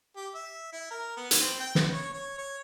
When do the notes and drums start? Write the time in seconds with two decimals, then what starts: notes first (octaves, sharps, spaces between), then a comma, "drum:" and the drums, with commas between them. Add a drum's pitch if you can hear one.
0.16 G4
0.35 E5
0.72 E4
0.91 A#4
1.17 B3
1.31 drum: hi-hat
1.40 C4
1.60 G5
1.75 B3, drum: snare
1.92 C#5
2.13 C#5
2.38 C#5